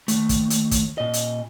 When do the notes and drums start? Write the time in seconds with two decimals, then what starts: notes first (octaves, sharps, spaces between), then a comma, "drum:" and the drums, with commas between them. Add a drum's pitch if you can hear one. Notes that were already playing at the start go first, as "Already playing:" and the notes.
0.08 D#2 A3, drum: hi-hat
0.29 drum: kick, hi-hat
0.50 drum: hi-hat
0.71 drum: kick, hi-hat
0.98 A#2 D#5
1.13 drum: hi-hat